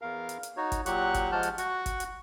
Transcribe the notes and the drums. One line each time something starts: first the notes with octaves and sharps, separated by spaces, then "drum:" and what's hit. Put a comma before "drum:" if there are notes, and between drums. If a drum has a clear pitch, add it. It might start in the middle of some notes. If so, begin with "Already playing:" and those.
E2 A#4 F5
drum: hi-hat
drum: hi-hat
D#4 F#4 C#5
drum: kick G1, hi-hat
A#2 F#3 G4 F#5 C#6 F#6, drum: hi-hat
drum: kick G1, hi-hat
F3 G#3 F#5 A5 F6 G6
drum: hi-hat
F#4 F#5 C#6, drum: hi-hat
drum: kick G1, hi-hat
drum: hi-hat